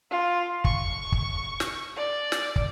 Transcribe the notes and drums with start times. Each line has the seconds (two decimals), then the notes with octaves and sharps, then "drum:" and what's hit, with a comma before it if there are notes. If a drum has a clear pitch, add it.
0.11 F4
0.64 C#6, drum: kick
1.12 drum: kick
1.60 drum: snare
1.97 D5
2.32 drum: snare
2.56 drum: kick